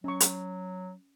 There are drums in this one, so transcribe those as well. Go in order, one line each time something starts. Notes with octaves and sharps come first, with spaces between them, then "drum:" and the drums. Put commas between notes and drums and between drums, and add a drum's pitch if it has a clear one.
F#3 C#4 C#6
drum: hi-hat